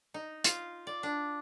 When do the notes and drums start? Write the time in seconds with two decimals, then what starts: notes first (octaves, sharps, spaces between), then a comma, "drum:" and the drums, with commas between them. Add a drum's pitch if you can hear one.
0.14 D#4
0.44 F4, drum: hi-hat
0.87 D5
1.03 D4